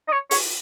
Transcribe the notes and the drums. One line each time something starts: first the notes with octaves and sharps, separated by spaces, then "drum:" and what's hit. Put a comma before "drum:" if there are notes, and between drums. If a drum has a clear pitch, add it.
D#5
C#5
C#5, drum: open hi-hat